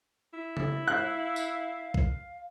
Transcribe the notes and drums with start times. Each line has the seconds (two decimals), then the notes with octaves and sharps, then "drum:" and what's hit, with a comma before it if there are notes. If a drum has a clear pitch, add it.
0.33 E4
0.57 drum: tom C#3
0.88 F5 F#6
1.36 drum: tambourine
1.94 drum: kick